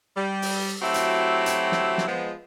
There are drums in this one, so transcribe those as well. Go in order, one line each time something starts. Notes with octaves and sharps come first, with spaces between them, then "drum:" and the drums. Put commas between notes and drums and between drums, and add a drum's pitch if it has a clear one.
G3
drum: open hi-hat
F#3 A3 C4 E4 F#4 G4
drum: hi-hat
drum: hi-hat
drum: snare
drum: snare
F3 G#3 B3